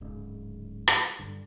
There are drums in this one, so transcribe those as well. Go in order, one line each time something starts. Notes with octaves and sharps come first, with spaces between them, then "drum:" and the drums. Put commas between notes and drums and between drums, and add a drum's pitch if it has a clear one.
D1 G#2 C#3
drum: rim click
G2 D3